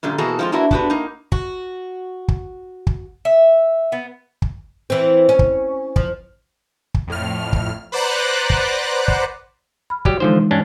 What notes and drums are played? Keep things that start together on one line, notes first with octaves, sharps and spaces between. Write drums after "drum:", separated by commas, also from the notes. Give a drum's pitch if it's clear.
F#2 A#2 D3 G3
B2 E3 A#3 F#4 G#4 A4
F3 G#3 C4 E4 F4
A#3 D4 E4 F#4 B4
B3 D4 F#4 G4 B4, drum: kick
A#3 D#4
F#4, drum: kick
drum: kick
drum: kick
E5
B3
drum: kick
E3 C4
C#4
drum: kick
F3, drum: kick
drum: kick
F2 A2 F6
drum: kick
B4 C5 D5 F#5 A#5 F#6
drum: kick
drum: kick
B5 F6
F#3 G3 G4, drum: kick
D3 E3 F3 G#3 D#4 C5
G2 C#4 D4